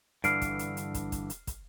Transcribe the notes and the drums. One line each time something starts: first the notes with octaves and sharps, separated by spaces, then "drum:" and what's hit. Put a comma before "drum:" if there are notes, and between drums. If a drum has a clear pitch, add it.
G2 D3 E3 F6 C7 D7, drum: hi-hat
drum: kick, hi-hat
drum: hi-hat
drum: hi-hat
drum: kick, hi-hat
drum: kick, hi-hat
drum: hi-hat
drum: kick, hi-hat